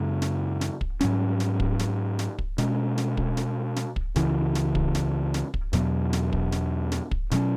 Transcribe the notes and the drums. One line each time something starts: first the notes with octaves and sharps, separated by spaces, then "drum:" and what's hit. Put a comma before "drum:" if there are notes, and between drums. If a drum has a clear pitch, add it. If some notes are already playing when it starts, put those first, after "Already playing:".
Already playing: F#2 C#3 G#3
drum: snare
drum: snare
drum: kick
G#2 F#3 C#4, drum: snare
drum: snare
drum: kick
drum: snare
drum: snare
drum: kick
B2 G#3 C#4, drum: snare
drum: snare
drum: kick
drum: snare
drum: snare
drum: kick
C#2 C#3 E3, drum: snare
drum: snare
drum: kick
drum: snare
drum: snare
drum: kick
E2 B2 F#3 B3, drum: snare
drum: snare
drum: kick
drum: snare
drum: snare
drum: kick
B2 F#3 C#4, drum: snare